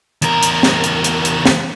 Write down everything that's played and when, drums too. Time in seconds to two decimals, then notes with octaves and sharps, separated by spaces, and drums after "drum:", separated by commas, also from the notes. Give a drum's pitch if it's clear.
0.22 E2 A#4, drum: hi-hat
0.43 drum: hi-hat
0.63 drum: snare
0.84 drum: hi-hat
1.04 drum: hi-hat
1.25 drum: hi-hat
1.46 drum: snare